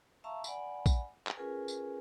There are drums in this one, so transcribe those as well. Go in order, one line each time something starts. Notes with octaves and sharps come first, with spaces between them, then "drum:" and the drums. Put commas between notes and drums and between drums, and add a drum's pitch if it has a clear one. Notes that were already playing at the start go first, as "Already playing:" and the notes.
E5 F5 A5 A#5 C#6 E6
D5 F#5 G#5 B5, drum: tambourine
drum: kick A#1, tambourine
drum: clap
C#4 F4 G#4 A#4 B4 G#5
drum: tambourine